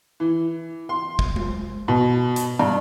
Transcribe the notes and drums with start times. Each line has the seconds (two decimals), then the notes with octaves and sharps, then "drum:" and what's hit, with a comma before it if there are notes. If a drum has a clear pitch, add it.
0.20 E3
0.89 C6
1.19 drum: kick
1.36 drum: tom G#3
1.88 B2
2.36 drum: hi-hat
2.59 G2